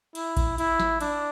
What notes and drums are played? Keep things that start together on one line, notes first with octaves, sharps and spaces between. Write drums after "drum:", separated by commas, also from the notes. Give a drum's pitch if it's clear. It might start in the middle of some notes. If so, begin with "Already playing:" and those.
E4, drum: cymbal
drum: kick A1, cymbal
E4, drum: cymbal
drum: snare
D4, drum: cymbal